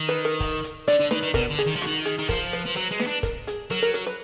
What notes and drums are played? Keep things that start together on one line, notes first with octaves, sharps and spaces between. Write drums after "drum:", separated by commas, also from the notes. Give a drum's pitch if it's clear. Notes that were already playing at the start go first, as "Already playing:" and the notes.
Already playing: D#3
B4
A#4
drum: kick, open hi-hat
drum: hi-hat
D3 D5, drum: hi-hat
D3
D#3 B4, drum: snare
D#3
B2 A#4, drum: kick, hi-hat
D3
G#4, drum: hi-hat
D#3
F3
D#3 F#4, drum: hi-hat
G#4, drum: hi-hat
D#3
F3 A#4, drum: kick, open hi-hat
B4, drum: hi-hat
F3
F#3 B4, drum: hi-hat
G#3
B3 B4, drum: snare
D4
A#4, drum: kick, hi-hat
G#4, drum: hi-hat
F#3 A#4
A#4
A#4, drum: hi-hat
B4